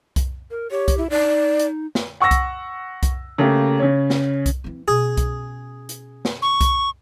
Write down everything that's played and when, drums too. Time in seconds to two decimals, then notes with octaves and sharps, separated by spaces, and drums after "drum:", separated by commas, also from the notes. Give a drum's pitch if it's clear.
0.16 drum: kick C2, hi-hat
0.51 A#4
0.71 G4 C#5
0.88 drum: kick C2, hi-hat
0.98 E4
1.10 D#4 D5
1.59 drum: hi-hat
1.95 drum: snare
2.20 F#5 C#6 E6 A#6
2.31 drum: kick C2, hi-hat
3.03 drum: kick C2, hi-hat
3.38 C#3 A3 A#3 G4
3.79 C#3 C#4
4.10 drum: snare
4.46 drum: kick C2, hi-hat
4.64 E3 C4
4.88 B2 C#4 G#4
5.17 drum: kick C2, hi-hat
5.89 drum: hi-hat
6.25 drum: snare
6.42 C#6
6.61 drum: kick C2, hi-hat